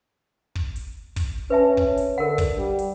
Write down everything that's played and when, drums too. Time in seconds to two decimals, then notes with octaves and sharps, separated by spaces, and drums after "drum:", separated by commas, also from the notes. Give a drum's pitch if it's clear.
0.55 drum: kick
0.76 drum: hi-hat
1.16 drum: kick, hi-hat
1.50 C#4 B4 E5 A5
1.77 drum: kick
1.88 C#5
1.97 drum: hi-hat
2.18 D3 A#4 F#5
2.38 drum: kick, hi-hat
2.58 G3
2.79 drum: hi-hat